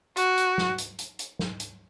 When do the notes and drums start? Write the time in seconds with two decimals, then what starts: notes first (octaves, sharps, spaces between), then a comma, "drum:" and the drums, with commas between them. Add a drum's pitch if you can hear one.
0.17 F#4, drum: hi-hat
0.38 drum: hi-hat
0.58 drum: snare
0.78 drum: hi-hat
0.99 drum: hi-hat
1.19 drum: hi-hat
1.39 drum: snare
1.60 drum: hi-hat